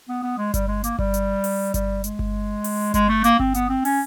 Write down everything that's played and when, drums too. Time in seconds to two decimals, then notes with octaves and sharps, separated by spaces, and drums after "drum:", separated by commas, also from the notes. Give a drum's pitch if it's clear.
0.09 B3
0.23 B3
0.38 G#3
0.54 G3, drum: kick G1, hi-hat
0.68 G#3
0.84 A#3, drum: hi-hat
0.99 G3, drum: kick G1
1.14 drum: hi-hat
1.44 drum: open hi-hat
1.74 G3, drum: kick G1, hi-hat
2.04 G#3, drum: hi-hat
2.19 drum: kick G1
2.64 drum: open hi-hat
2.94 G#3, drum: kick G1, hi-hat
3.09 A3
3.24 A#3, drum: hi-hat
3.39 C4, drum: kick G1
3.54 B3, drum: hi-hat
3.69 C4
3.85 C#4, drum: open hi-hat